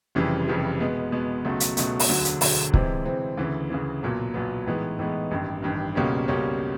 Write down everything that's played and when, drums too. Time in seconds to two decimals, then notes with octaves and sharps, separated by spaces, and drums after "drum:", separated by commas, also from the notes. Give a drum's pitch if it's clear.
0.15 F1 F2 C#3 E3 G3
0.48 F1 F2 C#3 E3 G3
0.80 B2 G#3 B3
1.12 B2 G#3 B3
1.45 C#2 B2 F#3 A3
1.60 drum: hi-hat
1.77 C#2 B2 F#3 A3, drum: hi-hat
2.00 drum: open hi-hat
2.09 E1 D2 D3 F#3
2.25 drum: hi-hat
2.41 E1 D2 D3 F#3, drum: open hi-hat
2.74 C3 E3 G#3 C4, drum: kick
3.05 C3 E3 G#3 C4
3.38 D2 C#3 E3
3.70 D2 C#3 E3
4.02 B1 A#2 F#3 B3
4.34 B1 A#2 F#3 B3
4.66 A2 E3 G#3 B3 D#4
4.99 A2 E3 G#3 B3 D#4
5.31 A1 G2 D#3
5.62 A1 G2 D#3
5.95 C#2 B2 G3 A#3 C#4
6.28 C#2 B2 G3 A#3 C#4